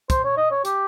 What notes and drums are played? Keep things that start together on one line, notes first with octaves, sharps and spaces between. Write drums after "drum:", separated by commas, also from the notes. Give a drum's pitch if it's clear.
C5, drum: kick, hi-hat
C#5
D#5
C#5
G4, drum: hi-hat